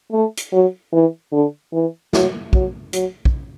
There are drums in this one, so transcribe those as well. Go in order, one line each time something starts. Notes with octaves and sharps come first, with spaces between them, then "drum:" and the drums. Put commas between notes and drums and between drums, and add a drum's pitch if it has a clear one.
A3
drum: hi-hat
F#3
E3
D3
E3
F#3, drum: snare
F#3, drum: kick
F#3, drum: hi-hat
drum: kick